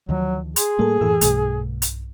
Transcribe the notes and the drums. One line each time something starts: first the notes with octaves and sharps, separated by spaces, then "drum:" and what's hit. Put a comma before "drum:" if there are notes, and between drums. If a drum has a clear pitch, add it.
D2 D#3 F3 F#3
G#4 C6, drum: hi-hat
A2 G3 A3 A#3 A4
F#2 A2 E3 A4 E6
B1 G2 B2 A3, drum: hi-hat
drum: hi-hat